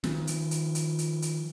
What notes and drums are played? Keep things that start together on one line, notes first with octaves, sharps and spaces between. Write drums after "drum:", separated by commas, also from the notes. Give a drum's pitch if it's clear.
D#3 F3, drum: snare
drum: hi-hat
drum: hi-hat
drum: hi-hat
drum: hi-hat
drum: hi-hat